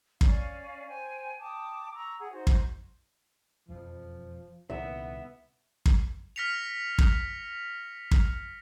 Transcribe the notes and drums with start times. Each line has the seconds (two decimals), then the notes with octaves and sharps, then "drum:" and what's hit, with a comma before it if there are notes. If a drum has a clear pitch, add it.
0.21 C#4 D5 F5, drum: kick
0.87 C5 G5 G#5
1.39 G5 A5 D6 D#6
1.94 A#5 C#6 E6
2.19 G#4 F#5
2.31 D#4 F#4 C5
2.47 drum: kick
3.69 E1 F2 F3
4.70 C2 A#2 D#3 B3 E5
5.86 drum: kick
6.36 F6 A#6 B6 C#7 F7
6.98 drum: kick
8.11 drum: kick